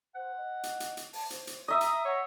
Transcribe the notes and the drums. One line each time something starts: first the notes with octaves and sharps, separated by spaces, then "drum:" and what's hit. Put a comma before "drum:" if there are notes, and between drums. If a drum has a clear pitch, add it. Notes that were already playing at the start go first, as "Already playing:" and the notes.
C5 F#5
D#5
drum: hi-hat
drum: hi-hat
drum: hi-hat
A5, drum: open hi-hat
C5, drum: hi-hat
drum: hi-hat
D#5 E5 A#5 D#6
drum: hi-hat
C#5 F#5